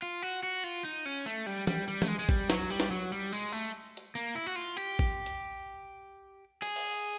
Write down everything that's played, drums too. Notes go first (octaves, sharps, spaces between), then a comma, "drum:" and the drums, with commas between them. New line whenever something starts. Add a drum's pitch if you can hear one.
F4
F#4
F#4
F4
D#4
C#4
A3
G3
G3, drum: tom E3
G3
A3, drum: tom E3
G#3
G#3
G3, drum: kick
F#3, drum: snare
G3
drum: snare
F#3
G3
G#3
A3
drum: hi-hat
A#3
E4
F#4
F4
G4
drum: kick
drum: hi-hat
G#4, drum: hi-hat
drum: cymbal